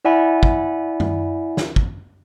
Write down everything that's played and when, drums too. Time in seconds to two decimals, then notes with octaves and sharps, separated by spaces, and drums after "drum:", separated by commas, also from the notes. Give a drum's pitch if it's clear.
0.05 E4 D5 E5 F#5 G#5 B5
0.43 drum: kick
1.00 drum: tom F#2
1.57 drum: snare
1.76 drum: kick